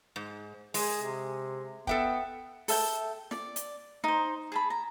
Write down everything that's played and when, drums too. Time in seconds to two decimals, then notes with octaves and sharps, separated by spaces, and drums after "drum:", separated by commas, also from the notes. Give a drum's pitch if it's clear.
0.16 G#2
0.74 G#3 G#4, drum: open hi-hat
1.02 C3
1.87 B3 A4 E5 G5, drum: kick
2.68 A4 E5 G5 A5, drum: open hi-hat
3.31 D5, drum: snare
3.56 drum: hi-hat
4.04 D#4 C5
4.52 G#4 A5 B5
4.70 A#5